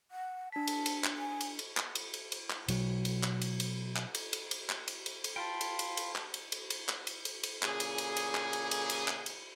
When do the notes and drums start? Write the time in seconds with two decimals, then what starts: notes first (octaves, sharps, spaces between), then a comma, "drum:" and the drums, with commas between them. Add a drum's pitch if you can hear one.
0.11 F#5
0.52 D4 A5 B6
0.67 drum: cymbal
0.86 drum: cymbal
1.04 drum: clap
1.17 G#5
1.41 drum: cymbal
1.59 drum: cymbal
1.77 drum: clap
1.95 drum: cymbal
2.14 drum: cymbal
2.32 drum: cymbal
2.50 drum: clap
2.68 B2 F#3, drum: cymbal
3.05 drum: cymbal
3.23 drum: clap
3.42 drum: cymbal
3.60 drum: cymbal
3.96 drum: clap
4.15 drum: cymbal
4.33 drum: cymbal
4.51 drum: cymbal
4.69 drum: clap
4.88 drum: cymbal
5.06 drum: cymbal
5.24 drum: cymbal
5.36 F4 F5 G5 A5 B5
5.61 drum: cymbal
5.79 drum: cymbal
5.97 drum: cymbal
6.16 drum: clap
6.34 drum: cymbal
6.52 drum: cymbal
6.70 drum: cymbal
6.89 drum: clap
7.07 drum: cymbal
7.25 drum: cymbal
7.43 drum: cymbal
7.62 A#2 C#3 G#4, drum: clap
7.80 drum: cymbal
7.98 drum: cymbal
8.17 drum: cymbal
8.35 drum: clap
8.53 drum: cymbal
8.71 drum: cymbal
8.90 drum: cymbal
9.08 drum: clap
9.26 drum: cymbal